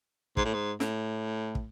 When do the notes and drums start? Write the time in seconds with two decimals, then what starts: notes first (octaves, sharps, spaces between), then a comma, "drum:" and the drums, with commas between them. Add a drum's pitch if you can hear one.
0.37 G#2, drum: kick
0.45 A2
0.54 G#2
0.80 A2, drum: snare
1.55 drum: kick